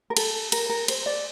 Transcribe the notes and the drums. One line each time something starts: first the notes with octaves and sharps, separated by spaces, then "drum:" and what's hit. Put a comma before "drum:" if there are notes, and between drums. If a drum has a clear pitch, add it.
A#4
A4, drum: cymbal
A#4, drum: cymbal
A#4
C5, drum: cymbal
D5